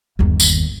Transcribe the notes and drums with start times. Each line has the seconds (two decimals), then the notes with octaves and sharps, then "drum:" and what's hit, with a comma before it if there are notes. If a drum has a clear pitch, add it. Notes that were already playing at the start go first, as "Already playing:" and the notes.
0.19 G1 D#2
0.40 drum: tambourine